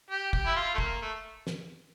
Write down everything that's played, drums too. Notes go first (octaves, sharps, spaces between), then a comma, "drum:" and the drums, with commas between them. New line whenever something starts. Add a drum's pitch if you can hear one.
G4
G4, drum: kick
E4
F4
A3
A#3, drum: kick
A3
drum: snare